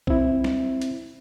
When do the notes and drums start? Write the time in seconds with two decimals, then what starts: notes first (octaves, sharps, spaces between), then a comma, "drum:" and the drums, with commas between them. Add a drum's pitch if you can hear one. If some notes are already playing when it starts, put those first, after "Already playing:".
0.07 C4 E4, drum: kick
0.44 drum: snare
0.82 drum: hi-hat